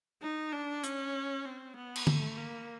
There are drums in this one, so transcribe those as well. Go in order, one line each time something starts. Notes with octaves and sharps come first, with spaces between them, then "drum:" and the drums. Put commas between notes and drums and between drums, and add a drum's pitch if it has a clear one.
D#4
D4
C#4, drum: hi-hat
C4
B3
drum: cymbal
A3, drum: tom D3
A#3